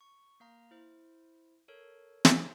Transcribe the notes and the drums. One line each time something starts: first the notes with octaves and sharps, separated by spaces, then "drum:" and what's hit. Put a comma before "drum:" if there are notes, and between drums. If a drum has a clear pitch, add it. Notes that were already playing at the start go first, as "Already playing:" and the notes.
C#6
A#3 F5 A#5
E4 C5
A4 A#4 C#5
drum: snare